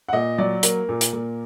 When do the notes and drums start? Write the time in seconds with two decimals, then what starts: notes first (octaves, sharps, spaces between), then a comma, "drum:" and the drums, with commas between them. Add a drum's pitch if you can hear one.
0.09 F#5
0.13 A#2 D#5
0.38 F#3 D5
0.63 A#3 A#4, drum: hi-hat
0.89 A#2
1.01 drum: hi-hat
1.13 A#2